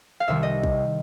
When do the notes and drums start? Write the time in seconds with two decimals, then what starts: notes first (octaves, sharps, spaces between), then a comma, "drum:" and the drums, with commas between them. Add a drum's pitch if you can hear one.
0.20 F5
0.28 C2 C3 D#3 G3 E5
0.43 D#5
0.64 drum: kick